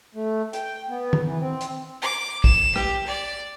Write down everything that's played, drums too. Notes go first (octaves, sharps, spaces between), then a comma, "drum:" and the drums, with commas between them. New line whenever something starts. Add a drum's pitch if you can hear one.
A3
G5, drum: hi-hat
B3
drum: tom D#3
E3
C4
drum: hi-hat
D6
E7, drum: kick A#1
G4, drum: rim click
D5